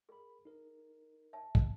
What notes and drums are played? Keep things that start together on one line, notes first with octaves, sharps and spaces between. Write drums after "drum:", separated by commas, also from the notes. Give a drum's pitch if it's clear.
G#4 A#4 B5
D#4 A#4
E5 A5
drum: kick